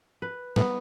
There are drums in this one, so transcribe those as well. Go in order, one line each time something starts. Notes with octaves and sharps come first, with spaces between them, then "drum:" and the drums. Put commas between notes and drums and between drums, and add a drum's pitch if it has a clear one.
B4
A2 B3, drum: snare G3